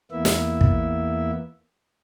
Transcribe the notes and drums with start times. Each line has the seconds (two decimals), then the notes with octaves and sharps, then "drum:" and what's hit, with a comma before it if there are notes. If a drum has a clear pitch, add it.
0.11 E2 A#3 B3 E4 E5
0.25 drum: snare
0.61 drum: kick